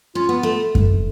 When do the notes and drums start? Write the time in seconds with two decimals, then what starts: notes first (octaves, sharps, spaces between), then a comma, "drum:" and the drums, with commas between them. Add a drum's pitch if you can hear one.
0.15 C#4 F4
0.29 B3
0.43 A3
0.75 drum: kick F#2